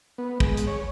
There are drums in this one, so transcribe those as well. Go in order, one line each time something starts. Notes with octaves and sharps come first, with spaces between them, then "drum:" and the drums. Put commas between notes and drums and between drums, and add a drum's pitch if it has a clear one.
B3
G#3, drum: kick
drum: hi-hat
C#5